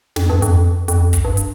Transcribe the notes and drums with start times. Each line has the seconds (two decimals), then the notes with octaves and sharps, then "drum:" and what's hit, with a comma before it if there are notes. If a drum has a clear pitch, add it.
0.16 F2, drum: snare
0.30 G2
0.42 F2, drum: hi-hat
0.88 F2, drum: hi-hat
1.13 drum: kick, hi-hat
1.25 G2
1.37 drum: hi-hat